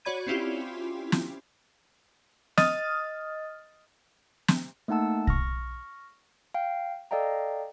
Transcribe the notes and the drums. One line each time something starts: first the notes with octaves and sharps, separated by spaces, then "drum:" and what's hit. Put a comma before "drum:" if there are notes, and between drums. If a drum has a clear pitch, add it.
F#4 C#5 D5 B5 G#6 D#7
C4 C#4 E4 F4 G4
drum: snare
D#5 D#6 F6 A6, drum: snare
drum: snare
A3 A#3 D#4 F#5 A5 E6
C#6 F6 A#6, drum: kick
F5 G5
A4 D5 D#5 F5 G5 A#5